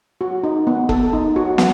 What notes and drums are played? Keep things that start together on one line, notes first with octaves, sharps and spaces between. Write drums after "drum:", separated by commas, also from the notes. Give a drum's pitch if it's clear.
F#4
D#4
B3
A4, drum: kick F#1
D#4
F#4
B3, drum: snare